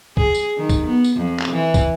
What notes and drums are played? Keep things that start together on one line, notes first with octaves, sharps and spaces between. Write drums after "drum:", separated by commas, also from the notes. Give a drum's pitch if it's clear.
G#4, drum: kick
drum: tambourine
D#3
drum: kick, tambourine
B3
drum: tambourine
F2
drum: clap
E3
drum: kick, tambourine